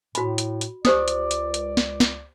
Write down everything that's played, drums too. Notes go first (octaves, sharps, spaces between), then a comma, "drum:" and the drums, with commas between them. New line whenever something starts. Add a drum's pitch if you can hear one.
A2 F#4 B5, drum: hi-hat
drum: hi-hat
drum: hi-hat
C#2 G4 C5 D5 D#6, drum: snare
drum: hi-hat
drum: hi-hat
drum: hi-hat
drum: snare
drum: snare